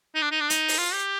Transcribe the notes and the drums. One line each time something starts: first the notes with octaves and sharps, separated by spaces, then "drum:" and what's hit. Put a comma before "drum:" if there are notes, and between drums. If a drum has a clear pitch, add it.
D#4
D4
D#4
D4
D#4, drum: hi-hat
drum: open hi-hat
F4
G4